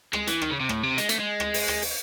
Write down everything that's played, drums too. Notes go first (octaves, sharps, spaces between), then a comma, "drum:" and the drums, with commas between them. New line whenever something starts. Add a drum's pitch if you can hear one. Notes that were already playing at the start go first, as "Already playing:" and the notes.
G#3, drum: rim click
E3, drum: hi-hat
D#3, drum: rim click
C#3
C3
A2, drum: rim click
C3
G#3, drum: hi-hat
A3, drum: hi-hat
G#3
drum: rim click
drum: open hi-hat
drum: rim click
drum: open hi-hat